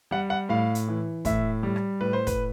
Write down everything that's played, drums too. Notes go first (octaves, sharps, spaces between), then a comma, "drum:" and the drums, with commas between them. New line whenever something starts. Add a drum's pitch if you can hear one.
G3 F#5
F#5
A2 F5
drum: hi-hat
E3
A2 E5, drum: kick, hi-hat
G3
drum: rim click
A2 B4
C5
B4, drum: kick, hi-hat